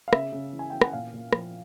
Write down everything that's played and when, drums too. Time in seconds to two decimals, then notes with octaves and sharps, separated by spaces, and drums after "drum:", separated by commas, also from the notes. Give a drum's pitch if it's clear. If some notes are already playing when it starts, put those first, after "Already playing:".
0.08 F5
0.13 C#3 E5, drum: rim click
0.32 C#3
0.53 E3
0.59 G#5
0.70 E3 G5
0.81 F#5, drum: rim click
0.93 A#2 F5
1.14 A#2
1.33 F3, drum: rim click